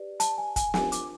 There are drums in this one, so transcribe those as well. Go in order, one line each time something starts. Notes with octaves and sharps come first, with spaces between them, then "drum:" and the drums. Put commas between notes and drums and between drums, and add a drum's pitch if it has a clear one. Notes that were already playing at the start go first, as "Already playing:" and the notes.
Already playing: G4 B4 D5
A5, drum: hi-hat
G#5
G#5, drum: kick, hi-hat
D4 F4 A#4 G#5, drum: snare
D6, drum: hi-hat